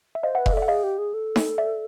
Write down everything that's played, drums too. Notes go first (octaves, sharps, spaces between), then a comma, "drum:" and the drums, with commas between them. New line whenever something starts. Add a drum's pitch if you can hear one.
E5
C5 D#5 F5
E5 F#5
B4
D#5 F5, drum: kick F1
A4 D5 E5
F#5
G#4 D#5 F5
G4
G#4
A4
drum: snare D#4
D5 E5